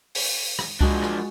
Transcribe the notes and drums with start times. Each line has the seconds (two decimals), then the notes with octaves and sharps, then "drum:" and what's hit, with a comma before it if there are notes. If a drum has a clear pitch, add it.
0.15 drum: open hi-hat
0.59 drum: rim click
0.81 F3 G#3 D4 F#4 F#6, drum: kick C#2
1.03 drum: rim click